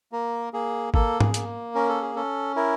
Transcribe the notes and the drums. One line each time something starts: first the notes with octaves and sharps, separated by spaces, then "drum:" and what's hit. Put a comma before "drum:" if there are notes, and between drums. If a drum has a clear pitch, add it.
A#3 A#4
A#3 G#4
A#3 A4, drum: kick
G#4, drum: tom G#2
A#3, drum: hi-hat
C#4 A#4
A4
G#4
C#4 A4
E4 A#4